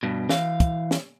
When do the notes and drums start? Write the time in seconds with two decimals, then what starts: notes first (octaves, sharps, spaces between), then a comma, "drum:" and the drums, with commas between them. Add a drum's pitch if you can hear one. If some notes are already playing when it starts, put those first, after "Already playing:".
0.03 G2 B2
0.29 E3 F5, drum: snare
0.60 drum: kick, hi-hat
0.91 drum: snare